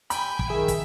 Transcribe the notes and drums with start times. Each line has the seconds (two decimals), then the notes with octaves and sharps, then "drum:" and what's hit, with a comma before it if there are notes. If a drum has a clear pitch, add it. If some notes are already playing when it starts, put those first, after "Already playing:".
0.10 G5 G#5 B5, drum: hi-hat
0.39 drum: kick
0.50 D#3 G#4 E5
0.68 drum: kick, hi-hat